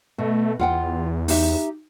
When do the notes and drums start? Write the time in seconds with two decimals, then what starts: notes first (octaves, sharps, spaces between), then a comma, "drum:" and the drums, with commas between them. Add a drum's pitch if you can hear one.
0.18 B2 A3
0.59 E2 F4 F#5 G5
1.28 D#4 G4 E5, drum: open hi-hat